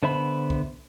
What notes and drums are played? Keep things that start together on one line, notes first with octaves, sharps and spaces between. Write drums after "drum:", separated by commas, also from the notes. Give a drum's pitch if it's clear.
D3 B3 C5 E5 B5
drum: kick B1